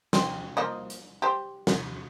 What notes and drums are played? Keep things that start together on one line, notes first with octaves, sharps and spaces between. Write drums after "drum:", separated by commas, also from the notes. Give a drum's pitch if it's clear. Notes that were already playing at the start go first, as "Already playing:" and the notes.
C4, drum: snare
F3 A#3 D#5
drum: hi-hat
G4 C5
drum: snare